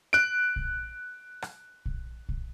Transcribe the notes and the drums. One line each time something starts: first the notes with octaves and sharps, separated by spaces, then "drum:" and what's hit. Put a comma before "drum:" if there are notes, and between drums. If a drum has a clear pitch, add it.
F#6 D7
drum: kick A#1
drum: rim click
drum: kick A#1
drum: kick A#1